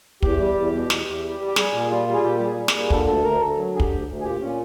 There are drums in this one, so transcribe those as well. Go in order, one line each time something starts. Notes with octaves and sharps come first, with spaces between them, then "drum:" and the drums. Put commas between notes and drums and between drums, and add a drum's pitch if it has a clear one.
E2 G4, drum: kick
G3
E2
B2
E2, drum: snare
E2
G3
G3
G4
G3 G#4, drum: snare
A#2
G3 F4
G3
G#4
A#2 G4
G3 G4
G#4
G3
G#4, drum: snare
A#2
D3 A4, drum: kick
D2 A4
D2 A#4
D2 A4
F#3
D3 G#4
G4, drum: kick
D2
D2
G#4
A#2 G4
A#2 C#4